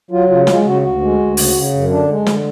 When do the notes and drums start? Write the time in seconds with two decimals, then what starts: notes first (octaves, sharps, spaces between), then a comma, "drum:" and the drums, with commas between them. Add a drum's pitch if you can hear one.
0.11 F#3 F4
0.29 C#3 F4
0.47 G#3 F4, drum: snare
0.65 C#3 F#4
0.83 D2 F#4
1.01 G#3
1.19 D2
1.37 C#3, drum: open hi-hat
1.55 C#3
1.73 F#2
1.90 D3 D4
2.09 G#3
2.26 D3, drum: snare